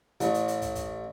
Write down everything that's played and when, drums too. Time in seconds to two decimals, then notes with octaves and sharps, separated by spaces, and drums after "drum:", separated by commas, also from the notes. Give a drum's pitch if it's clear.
0.21 A1, drum: hi-hat
0.34 drum: hi-hat
0.48 drum: hi-hat
0.62 drum: kick, hi-hat
0.75 drum: kick, hi-hat